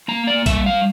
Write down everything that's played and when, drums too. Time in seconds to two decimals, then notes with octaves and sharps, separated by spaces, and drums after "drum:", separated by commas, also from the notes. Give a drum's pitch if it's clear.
0.08 A#3 A#5
0.27 D5
0.46 G3 E5, drum: kick A#1, hi-hat
0.66 F5